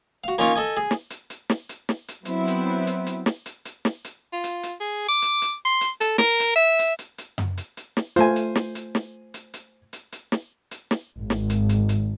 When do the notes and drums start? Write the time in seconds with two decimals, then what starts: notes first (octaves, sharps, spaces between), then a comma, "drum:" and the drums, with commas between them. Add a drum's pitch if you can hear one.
0.24 F#4 F5
0.38 A#3 C#4 D#4 F4 A#4 C#5
0.56 A4 D#5 G#5
0.77 G#4
0.91 drum: snare
1.10 drum: hi-hat
1.30 drum: hi-hat
1.50 drum: snare
1.69 drum: hi-hat
1.89 drum: snare
2.08 drum: hi-hat
2.25 F#3 B3 C4 E4, drum: hi-hat
2.48 drum: hi-hat
2.87 drum: hi-hat
3.06 drum: hi-hat
3.26 drum: snare
3.46 drum: hi-hat
3.65 drum: hi-hat
3.85 drum: snare
4.04 drum: hi-hat
4.33 F4
4.44 drum: hi-hat
4.63 drum: hi-hat
4.80 G#4
5.08 D6
5.22 drum: hi-hat
5.42 drum: hi-hat
5.65 C6
5.81 drum: hi-hat
6.01 A4, drum: hi-hat
6.18 A#4, drum: snare
6.40 drum: hi-hat
6.56 E5
6.79 drum: hi-hat
6.99 drum: hi-hat
7.18 drum: hi-hat
7.38 drum: tom F#2
7.57 drum: hi-hat
7.77 drum: hi-hat
7.97 drum: snare
8.16 A3 F4 C5 G#5, drum: hi-hat
8.36 drum: hi-hat
8.55 drum: snare
8.75 drum: hi-hat
8.95 drum: snare
9.34 drum: hi-hat
9.54 drum: hi-hat
9.93 drum: hi-hat
10.12 drum: hi-hat
10.32 drum: snare
10.71 drum: hi-hat
10.91 drum: snare
11.18 G#1
11.30 drum: snare
11.50 drum: hi-hat
11.69 drum: hi-hat
11.89 drum: hi-hat